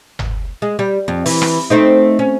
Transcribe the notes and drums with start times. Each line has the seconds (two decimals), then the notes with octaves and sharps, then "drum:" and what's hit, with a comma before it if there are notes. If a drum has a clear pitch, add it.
0.19 drum: tom G1
0.62 G#3
0.79 G3
1.08 F2
1.26 E3, drum: open hi-hat
1.42 drum: rim click
1.70 A3 C4 D#4
2.19 C#4